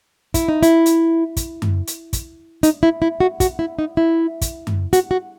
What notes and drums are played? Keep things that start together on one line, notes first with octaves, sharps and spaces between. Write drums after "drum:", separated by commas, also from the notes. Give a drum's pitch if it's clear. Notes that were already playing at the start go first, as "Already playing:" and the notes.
E4, drum: kick, hi-hat
D#4
E4, drum: hi-hat
drum: hi-hat
drum: kick, hi-hat
drum: tom F#2
drum: hi-hat
drum: kick, hi-hat
D#4, drum: hi-hat
E4
E4
F#4
F#4, drum: kick, hi-hat
E4
D#4
E4
drum: kick, hi-hat
drum: tom F#2
F#4, drum: hi-hat
F#4